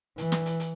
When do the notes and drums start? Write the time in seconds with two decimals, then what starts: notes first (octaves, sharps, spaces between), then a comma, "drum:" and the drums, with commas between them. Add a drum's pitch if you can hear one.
0.18 E3, drum: hi-hat
0.32 drum: snare
0.46 drum: hi-hat
0.60 drum: hi-hat